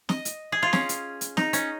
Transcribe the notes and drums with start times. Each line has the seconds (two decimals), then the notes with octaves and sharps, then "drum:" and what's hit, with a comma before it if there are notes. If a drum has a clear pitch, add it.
0.09 D#5, drum: snare
0.25 drum: hi-hat
0.52 G#4
0.63 F4
0.73 C#4, drum: snare
0.89 drum: hi-hat
1.21 drum: hi-hat
1.37 D#4, drum: snare
1.53 C#4, drum: hi-hat